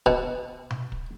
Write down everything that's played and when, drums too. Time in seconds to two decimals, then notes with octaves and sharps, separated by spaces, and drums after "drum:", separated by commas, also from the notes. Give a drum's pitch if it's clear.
0.06 B2, drum: kick
0.70 drum: tom B2
0.92 drum: kick